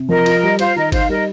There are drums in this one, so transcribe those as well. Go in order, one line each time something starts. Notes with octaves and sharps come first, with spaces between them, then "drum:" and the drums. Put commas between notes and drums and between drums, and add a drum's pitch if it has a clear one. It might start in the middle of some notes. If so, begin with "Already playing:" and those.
Already playing: C3
F3 A#4 D#5
F4, drum: cymbal
G3
F4 C5 F5, drum: cymbal
D#3 A#4 D#5
D#4 C5 F5, drum: kick G#1, cymbal
G3 A#4 D#5